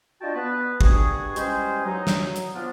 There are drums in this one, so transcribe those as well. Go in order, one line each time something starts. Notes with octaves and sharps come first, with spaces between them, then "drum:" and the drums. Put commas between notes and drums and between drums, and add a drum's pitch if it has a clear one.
D4 F4 F#4 D#5 G5 A5
B3 B4
G2 F#4 G#4, drum: kick
E3 G3 G#3 C#4 G#4 C5, drum: hi-hat
F#3 D#4
drum: snare
drum: hi-hat
F3 B3 D4 F4